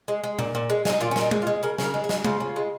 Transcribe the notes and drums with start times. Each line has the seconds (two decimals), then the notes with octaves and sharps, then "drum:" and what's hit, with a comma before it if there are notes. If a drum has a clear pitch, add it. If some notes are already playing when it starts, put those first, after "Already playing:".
0.08 G#3
0.24 G#3
0.39 A#2, drum: tom B2
0.55 A#2
0.70 G#3
0.85 G#3 D#4, drum: snare
1.00 A#2 F4
1.11 C#4
1.16 A#2 D#4, drum: snare
1.31 G#3, drum: tom
1.42 F4
1.47 G#3
1.63 C#3 A#4
1.78 C#3, drum: snare
1.84 A#4
1.94 G#3
2.04 G#4
2.09 G#3, drum: snare
2.25 C#3 F4, drum: tom
2.40 C#3
2.56 G#3